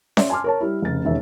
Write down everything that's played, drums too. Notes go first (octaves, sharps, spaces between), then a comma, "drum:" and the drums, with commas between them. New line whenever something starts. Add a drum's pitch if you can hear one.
C#5 D5 E5 C6, drum: snare C#4
G#5 A5 C6 D6 F6
A#4 C#5 A5
G3 E4
F1 C#3 A6
E1 D#2 C#4 E5